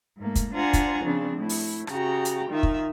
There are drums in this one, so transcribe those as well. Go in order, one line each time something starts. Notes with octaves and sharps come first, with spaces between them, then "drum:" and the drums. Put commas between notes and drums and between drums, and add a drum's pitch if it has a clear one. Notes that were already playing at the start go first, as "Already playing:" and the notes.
G#2 A3 A#3
drum: kick, hi-hat
D4 F4 C5 F#5 G#5 A#5
drum: kick, hi-hat
C#3 F3 C4 D4
A2 E4
drum: open hi-hat
C#3 F#4 G4 A#5, drum: rim click
drum: hi-hat
D#3 F4 E5
drum: kick